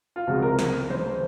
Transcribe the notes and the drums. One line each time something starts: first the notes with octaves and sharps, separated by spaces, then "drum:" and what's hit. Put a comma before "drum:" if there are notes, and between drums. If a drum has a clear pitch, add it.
F4
C#2 C3 F3 G#3 F#4
A#4
drum: snare
C5, drum: tom D#3